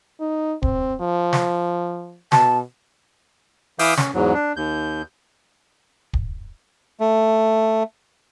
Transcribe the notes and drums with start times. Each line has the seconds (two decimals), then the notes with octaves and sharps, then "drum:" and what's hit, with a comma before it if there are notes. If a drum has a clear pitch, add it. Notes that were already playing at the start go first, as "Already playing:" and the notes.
0.21 D#4
0.63 C4, drum: kick
1.01 F3
1.33 drum: snare
2.32 B2 A5, drum: snare
3.79 E3 E5 F5 D6 D#6 G6, drum: open hi-hat
3.97 C#4, drum: snare
4.14 E2 G#2 F#3
4.34 D4
4.56 D#2 G6
6.13 drum: kick
7.00 A3